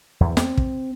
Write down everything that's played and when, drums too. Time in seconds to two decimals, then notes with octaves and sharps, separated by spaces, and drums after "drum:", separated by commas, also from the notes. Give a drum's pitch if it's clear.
0.20 E2
0.37 C4, drum: snare
0.57 drum: kick